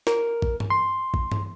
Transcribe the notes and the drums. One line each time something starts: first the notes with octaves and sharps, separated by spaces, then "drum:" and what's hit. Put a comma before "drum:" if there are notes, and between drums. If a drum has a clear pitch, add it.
A#4, drum: snare
drum: kick A1
drum: tom G2
C6
drum: kick A1
drum: tom G2